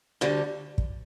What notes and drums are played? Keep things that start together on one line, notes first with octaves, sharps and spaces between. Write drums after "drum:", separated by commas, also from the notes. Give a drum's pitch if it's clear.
D2 D3 G3
drum: kick